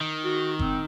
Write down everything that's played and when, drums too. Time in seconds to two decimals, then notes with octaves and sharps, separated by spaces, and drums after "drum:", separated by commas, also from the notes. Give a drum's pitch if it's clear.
0.01 D#3
0.24 F#4
0.59 C4, drum: kick F#1